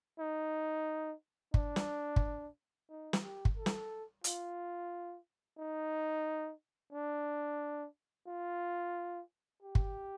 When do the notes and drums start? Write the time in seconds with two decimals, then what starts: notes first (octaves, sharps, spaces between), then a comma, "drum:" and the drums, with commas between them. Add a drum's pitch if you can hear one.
0.19 D#4
1.54 D4, drum: kick
1.76 drum: snare
2.16 drum: kick
2.89 D#4
3.13 drum: snare
3.23 G4
3.45 drum: kick
3.57 A4
3.66 drum: snare
4.24 F4, drum: hi-hat
5.58 D#4
6.92 D4
8.27 F4
9.62 G4
9.75 drum: kick